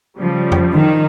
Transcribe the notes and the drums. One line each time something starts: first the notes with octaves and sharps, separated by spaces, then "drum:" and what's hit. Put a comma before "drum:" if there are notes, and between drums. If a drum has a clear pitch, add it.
C#3 F3 G3
drum: tom F2
D#3